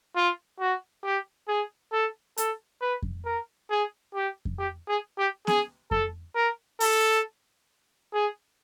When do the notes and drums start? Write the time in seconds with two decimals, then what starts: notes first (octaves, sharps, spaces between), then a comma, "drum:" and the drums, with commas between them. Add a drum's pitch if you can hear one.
0.16 F4
0.60 F#4
1.04 G4
1.48 G#4
1.92 A4
2.38 A4, drum: hi-hat
2.81 B4
3.02 drum: kick F2
3.25 A#4
3.70 G#4
4.15 G4
4.45 drum: kick F2
4.59 G4
4.88 G#4
5.18 G4
5.47 G#4, drum: snare B3
5.91 A4, drum: kick F2
6.35 A#4
6.80 A4, drum: open hi-hat
8.13 G#4